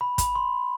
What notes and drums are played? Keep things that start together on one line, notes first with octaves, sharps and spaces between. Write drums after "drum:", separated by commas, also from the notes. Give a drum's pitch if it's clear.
B5
B5, drum: kick, hi-hat
C6